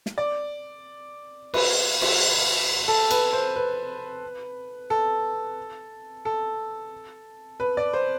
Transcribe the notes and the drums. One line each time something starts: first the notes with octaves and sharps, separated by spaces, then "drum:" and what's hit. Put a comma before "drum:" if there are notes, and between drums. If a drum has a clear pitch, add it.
drum: snare
D5
B4, drum: cymbal
drum: cymbal
A4
B4, drum: cymbal
C5
B4
A4
A4
B4
D5
C5